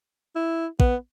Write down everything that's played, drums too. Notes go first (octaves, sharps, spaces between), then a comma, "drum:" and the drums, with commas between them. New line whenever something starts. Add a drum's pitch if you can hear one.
E4
B3, drum: kick